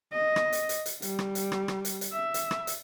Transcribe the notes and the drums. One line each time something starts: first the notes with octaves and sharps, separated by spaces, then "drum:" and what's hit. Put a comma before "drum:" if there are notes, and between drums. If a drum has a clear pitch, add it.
D#5
drum: rim click
drum: hi-hat
drum: hi-hat
drum: hi-hat
G3, drum: hi-hat
drum: rim click
drum: hi-hat
drum: rim click
drum: rim click
drum: hi-hat
drum: hi-hat
E5
drum: hi-hat
drum: rim click
drum: hi-hat